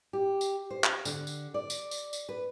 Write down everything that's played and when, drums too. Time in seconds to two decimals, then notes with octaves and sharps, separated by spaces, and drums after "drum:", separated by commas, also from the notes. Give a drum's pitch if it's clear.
0.13 G4
0.41 drum: tambourine
0.70 C5
0.84 drum: clap
1.05 D3, drum: tambourine
1.27 drum: tambourine
1.54 D5
1.70 drum: tambourine
1.91 drum: tambourine
2.13 drum: tambourine
2.29 B4